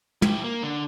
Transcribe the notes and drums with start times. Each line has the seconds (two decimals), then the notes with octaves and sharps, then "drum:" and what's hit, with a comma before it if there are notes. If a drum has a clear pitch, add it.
0.22 E4 G4, drum: tom
0.44 A#3
0.63 D3